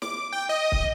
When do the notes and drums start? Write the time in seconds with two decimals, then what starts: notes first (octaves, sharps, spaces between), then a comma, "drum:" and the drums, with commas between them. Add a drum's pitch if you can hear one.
0.02 D6, drum: snare
0.33 G5
0.49 D#5
0.72 drum: kick